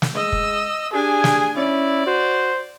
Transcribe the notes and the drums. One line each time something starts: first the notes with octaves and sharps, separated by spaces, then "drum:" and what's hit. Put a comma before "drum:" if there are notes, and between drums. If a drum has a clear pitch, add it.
drum: snare
G#3 D#5 E6
drum: kick
D4 G4 G#4 G#5
drum: snare
C#4 E4 D5
F#4 C5